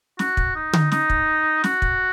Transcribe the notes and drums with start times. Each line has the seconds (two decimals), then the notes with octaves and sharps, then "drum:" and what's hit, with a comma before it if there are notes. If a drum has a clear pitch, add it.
0.19 F#4, drum: snare
0.37 drum: kick
0.55 D#4
0.73 drum: tom D3
0.92 D#4, drum: snare
1.10 drum: kick
1.64 F#4, drum: snare
1.82 drum: kick